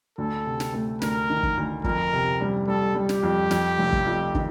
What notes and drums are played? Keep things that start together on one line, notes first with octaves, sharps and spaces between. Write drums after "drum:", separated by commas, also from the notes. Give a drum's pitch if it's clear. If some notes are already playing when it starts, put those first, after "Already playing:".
D2 A4
C3
drum: snare
A3
D2 A#4, drum: snare
D#3
drum: kick
D2
F2 A#4, drum: kick
C3
G3
G3 A4
G3
G4, drum: snare
F2
F2, drum: snare
F1
drum: kick
F2
D#3, drum: kick